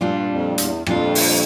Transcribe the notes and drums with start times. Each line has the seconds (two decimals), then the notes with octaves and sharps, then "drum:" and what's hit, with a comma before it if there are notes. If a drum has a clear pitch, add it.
0.01 G2 A#2 G3 D4 F4
0.30 F2
0.58 E2, drum: hi-hat
0.86 F2 A#2 G3 D4 F4, drum: rim click
1.15 drum: open hi-hat